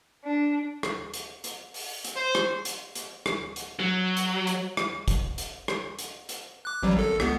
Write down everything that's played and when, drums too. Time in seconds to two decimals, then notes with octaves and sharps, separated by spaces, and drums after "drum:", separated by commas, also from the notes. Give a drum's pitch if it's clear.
0.23 D4
0.83 drum: rim click
1.14 drum: hi-hat
1.44 drum: hi-hat
1.74 drum: open hi-hat
2.05 drum: hi-hat
2.16 C5
2.35 drum: rim click
2.65 drum: hi-hat
2.95 drum: hi-hat
3.26 drum: rim click
3.56 drum: hi-hat
3.80 F#3
4.17 drum: hi-hat
4.47 drum: hi-hat
4.77 drum: rim click
5.08 drum: kick, hi-hat
5.38 drum: hi-hat
5.68 drum: rim click
5.99 drum: hi-hat
6.29 drum: hi-hat
6.65 D6 F#6
6.83 A1 F#3 G3
6.97 G#1 A4
7.20 C#2 B3, drum: rim click